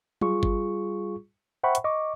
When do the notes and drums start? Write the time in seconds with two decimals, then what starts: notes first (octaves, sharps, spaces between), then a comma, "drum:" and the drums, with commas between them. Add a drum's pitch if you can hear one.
0.21 G3 F4 G#4 C#6, drum: tom
0.43 drum: kick
1.63 C5 E5 F#5 G5 B5 C#6
1.75 drum: hi-hat
1.84 D#5 C#6 D6